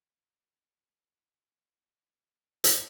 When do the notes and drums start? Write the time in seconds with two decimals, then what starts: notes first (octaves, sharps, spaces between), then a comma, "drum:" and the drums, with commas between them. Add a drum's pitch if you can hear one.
0.24 C#5
1.94 D5 F#5
2.64 drum: hi-hat